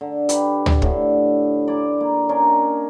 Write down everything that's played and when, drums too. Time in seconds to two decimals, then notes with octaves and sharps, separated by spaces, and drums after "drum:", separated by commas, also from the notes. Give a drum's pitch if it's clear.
0.01 D3
0.29 G4 B4, drum: hi-hat
0.66 drum: tom D2
0.82 A2 D3 E5, drum: kick
1.68 D5 G#5 D6
2.01 A#3
2.29 C#4 D4 A#4 D#5